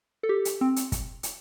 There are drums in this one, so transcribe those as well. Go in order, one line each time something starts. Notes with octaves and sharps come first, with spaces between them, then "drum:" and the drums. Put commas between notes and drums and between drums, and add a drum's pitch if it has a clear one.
A4
G4
drum: hi-hat
C4
drum: hi-hat
drum: kick, hi-hat
drum: hi-hat